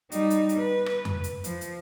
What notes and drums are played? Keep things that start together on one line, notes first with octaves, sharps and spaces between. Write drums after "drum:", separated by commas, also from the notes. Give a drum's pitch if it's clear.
G3 D#4, drum: hi-hat
drum: hi-hat
drum: hi-hat
B4
drum: rim click
drum: tom F2
drum: hi-hat
F3, drum: hi-hat
drum: hi-hat